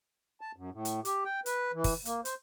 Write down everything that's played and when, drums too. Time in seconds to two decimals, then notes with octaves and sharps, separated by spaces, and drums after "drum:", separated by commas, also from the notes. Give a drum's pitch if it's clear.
0.41 A5
0.56 F#2
0.73 A2
0.85 drum: hi-hat
1.05 G4, drum: hi-hat
1.25 G5
1.46 B4, drum: hi-hat
1.73 E3
1.84 drum: kick, open hi-hat
2.05 A#3, drum: hi-hat
2.25 C5, drum: hi-hat